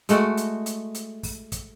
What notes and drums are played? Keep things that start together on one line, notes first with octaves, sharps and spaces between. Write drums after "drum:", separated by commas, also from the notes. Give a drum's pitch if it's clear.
G#3 A3 F#4 D5, drum: hi-hat
drum: hi-hat
drum: hi-hat
drum: hi-hat
drum: kick, open hi-hat
drum: kick, hi-hat